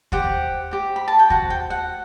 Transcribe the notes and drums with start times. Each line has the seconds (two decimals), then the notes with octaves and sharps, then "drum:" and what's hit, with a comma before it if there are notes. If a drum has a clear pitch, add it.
0.12 G4 C5 F#5, drum: kick
0.71 G4 C5
0.96 B5
1.08 A5
1.19 G5
1.30 F#4 C5 F#5, drum: kick
1.50 G5
1.70 F#5